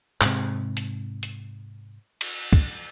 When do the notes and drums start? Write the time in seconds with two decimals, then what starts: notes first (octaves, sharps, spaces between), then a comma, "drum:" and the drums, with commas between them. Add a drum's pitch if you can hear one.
0.21 G#2 C3, drum: clap
0.77 drum: hi-hat
1.23 drum: hi-hat
2.21 drum: cymbal
2.53 drum: kick